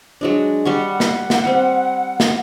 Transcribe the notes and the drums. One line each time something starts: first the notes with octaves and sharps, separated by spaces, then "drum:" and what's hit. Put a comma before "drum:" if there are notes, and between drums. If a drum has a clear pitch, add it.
F#3 G#3 D4
G3 F#5 C6 C#6
drum: snare
drum: snare
G3 C4
drum: snare